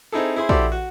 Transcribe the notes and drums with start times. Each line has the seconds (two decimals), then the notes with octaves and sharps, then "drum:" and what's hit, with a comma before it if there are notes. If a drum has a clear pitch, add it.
0.12 C4 D#4 E4 G#4 A4
0.36 E4 G#4 C5
0.49 E4 F#4 G4 A4 C5 D5, drum: kick
0.72 F#4